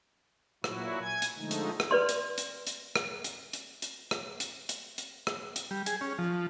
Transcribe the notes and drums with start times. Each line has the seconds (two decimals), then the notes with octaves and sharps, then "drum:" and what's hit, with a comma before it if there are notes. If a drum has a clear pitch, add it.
0.64 A#2 F#3 E4 F#4, drum: rim click
1.01 G#5 G#6
1.22 drum: hi-hat
1.37 D3 F3 G#3 A3 D#4
1.51 drum: hi-hat
1.80 drum: rim click
1.91 B4 D5 C6
2.09 drum: hi-hat
2.38 drum: hi-hat
2.67 drum: hi-hat
2.96 drum: rim click
3.24 drum: hi-hat
3.53 drum: hi-hat
3.82 drum: hi-hat
4.11 drum: rim click
4.40 drum: hi-hat
4.69 drum: hi-hat
4.98 drum: hi-hat
5.27 drum: rim click
5.56 drum: hi-hat
5.71 G3
5.86 G#4, drum: hi-hat
6.01 C#4
6.18 F3